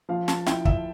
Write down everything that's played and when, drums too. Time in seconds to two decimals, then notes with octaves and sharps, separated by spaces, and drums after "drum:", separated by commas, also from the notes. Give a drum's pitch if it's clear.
0.09 F3 F5
0.28 A5, drum: snare
0.46 E4 G5, drum: snare
0.65 E5, drum: kick